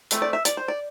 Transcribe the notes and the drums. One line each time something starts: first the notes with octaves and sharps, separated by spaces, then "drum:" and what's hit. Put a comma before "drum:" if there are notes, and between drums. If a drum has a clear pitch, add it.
E3 A3 C4, drum: hi-hat
D5
E5
D5, drum: hi-hat
C5
D5